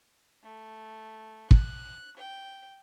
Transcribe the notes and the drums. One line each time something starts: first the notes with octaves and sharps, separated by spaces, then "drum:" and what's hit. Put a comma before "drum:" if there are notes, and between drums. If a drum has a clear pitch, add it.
A3
F#6, drum: kick
G5